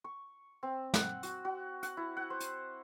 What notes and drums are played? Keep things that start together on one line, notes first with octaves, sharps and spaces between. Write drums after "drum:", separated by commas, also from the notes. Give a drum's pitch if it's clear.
C#6
C4
F#5, drum: snare
F#4, drum: hi-hat
F#4
F#5, drum: hi-hat
E4
F#5
C5
drum: hi-hat